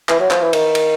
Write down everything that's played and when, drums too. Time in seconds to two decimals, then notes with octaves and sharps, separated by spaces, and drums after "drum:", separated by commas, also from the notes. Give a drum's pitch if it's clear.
0.09 E3, drum: clap
0.20 F#3
0.31 F3, drum: clap
0.42 E3
0.53 D#3, drum: cymbal
0.75 drum: cymbal